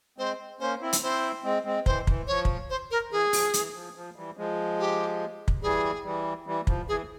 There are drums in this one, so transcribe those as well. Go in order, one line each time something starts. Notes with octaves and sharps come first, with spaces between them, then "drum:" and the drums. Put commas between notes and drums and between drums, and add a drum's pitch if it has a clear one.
G#3 C4 C5
A#3 C#4 C5
C4 E4
drum: hi-hat
C4 E4 C5
G#3 C4
G#3 C4
E3 C5, drum: kick
E3, drum: kick
F3 C#5
drum: kick
C5
A#4
E3 G#4
F3, drum: open hi-hat
E3, drum: hi-hat
F3
F3
E3 G3
F3 G#3
G4
drum: kick
E3 G3 G#4
E3 G3
E3 G3
F3, drum: kick
E3 G#4